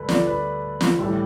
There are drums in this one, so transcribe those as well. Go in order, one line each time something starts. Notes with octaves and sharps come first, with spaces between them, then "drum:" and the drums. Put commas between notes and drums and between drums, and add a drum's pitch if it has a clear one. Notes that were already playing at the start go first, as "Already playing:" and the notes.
Already playing: D2 D3 G3 A4 B4
D5, drum: snare
B4
drum: snare
A2 E3 G3 A4